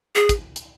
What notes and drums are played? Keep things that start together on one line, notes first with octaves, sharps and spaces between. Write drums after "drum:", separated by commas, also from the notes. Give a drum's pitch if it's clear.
G#4
drum: kick, hi-hat
drum: hi-hat